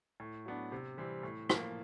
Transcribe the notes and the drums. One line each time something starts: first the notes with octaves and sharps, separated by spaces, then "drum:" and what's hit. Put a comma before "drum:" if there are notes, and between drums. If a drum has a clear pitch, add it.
A2
F#3 B3 D4
C3
E3 G3 C4
A2
F3 A#3, drum: rim click